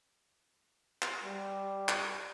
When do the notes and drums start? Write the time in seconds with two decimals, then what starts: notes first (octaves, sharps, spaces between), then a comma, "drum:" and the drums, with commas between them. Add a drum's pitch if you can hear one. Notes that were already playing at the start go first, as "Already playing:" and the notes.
1.02 drum: clap
1.24 G3
1.89 drum: clap